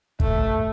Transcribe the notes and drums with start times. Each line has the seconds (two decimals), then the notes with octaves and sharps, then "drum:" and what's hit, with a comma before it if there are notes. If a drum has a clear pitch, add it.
0.20 A3, drum: kick